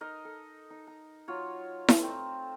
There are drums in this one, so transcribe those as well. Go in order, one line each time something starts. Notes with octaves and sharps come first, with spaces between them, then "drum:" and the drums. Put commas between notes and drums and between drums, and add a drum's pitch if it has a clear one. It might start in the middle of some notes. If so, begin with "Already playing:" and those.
D#4 A#4 D#5
A4
D#4
A#5
F#3 F4 C#5
drum: snare E4
A3 C4 A#5